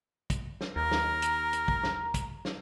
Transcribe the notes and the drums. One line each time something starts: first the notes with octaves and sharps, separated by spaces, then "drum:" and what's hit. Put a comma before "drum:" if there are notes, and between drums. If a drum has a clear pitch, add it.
drum: kick, hi-hat
drum: snare
D#2 A#4 A#5
drum: snare
drum: hi-hat
drum: hi-hat
drum: kick
drum: snare
drum: kick, hi-hat
drum: snare